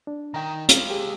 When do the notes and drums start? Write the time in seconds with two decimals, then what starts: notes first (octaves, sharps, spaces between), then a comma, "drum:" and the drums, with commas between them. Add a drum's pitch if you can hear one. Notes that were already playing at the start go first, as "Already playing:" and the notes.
0.07 D4
0.34 D#3 G5 A#5
0.69 G#3 F5, drum: hi-hat
0.90 G4 G#4